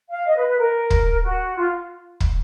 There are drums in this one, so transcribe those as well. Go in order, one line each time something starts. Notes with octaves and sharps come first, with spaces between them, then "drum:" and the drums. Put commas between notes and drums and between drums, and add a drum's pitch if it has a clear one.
F5
D#5
B4
B4
A#4
drum: kick
F#4
F4
drum: kick